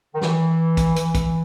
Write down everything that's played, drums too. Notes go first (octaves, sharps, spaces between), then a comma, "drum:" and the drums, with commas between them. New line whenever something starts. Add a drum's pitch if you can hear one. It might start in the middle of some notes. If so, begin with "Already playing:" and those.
D#3
E3, drum: snare
drum: kick, hi-hat
E3, drum: hi-hat
drum: kick, hi-hat